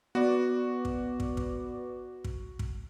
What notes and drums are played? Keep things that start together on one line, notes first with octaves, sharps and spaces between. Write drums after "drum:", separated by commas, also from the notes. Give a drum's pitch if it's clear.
B3 F#4 D5
drum: kick
drum: kick
drum: kick
drum: kick
drum: kick